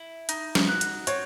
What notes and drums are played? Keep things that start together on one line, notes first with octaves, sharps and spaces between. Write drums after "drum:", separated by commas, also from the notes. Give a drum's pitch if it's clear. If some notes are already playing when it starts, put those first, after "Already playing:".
Already playing: E4
D#4, drum: hi-hat
drum: snare
F#4
drum: hi-hat
C4 C#5, drum: hi-hat